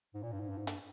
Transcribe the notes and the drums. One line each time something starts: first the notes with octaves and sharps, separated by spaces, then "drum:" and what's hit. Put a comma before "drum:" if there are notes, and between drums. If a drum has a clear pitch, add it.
G#2
A#2
G2
G#2
G2
G#2
G2, drum: hi-hat